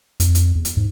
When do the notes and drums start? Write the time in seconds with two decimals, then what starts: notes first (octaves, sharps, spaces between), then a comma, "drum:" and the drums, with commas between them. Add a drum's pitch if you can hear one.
0.20 F2, drum: hi-hat
0.35 drum: hi-hat
0.56 E2
0.65 drum: hi-hat
0.77 G#2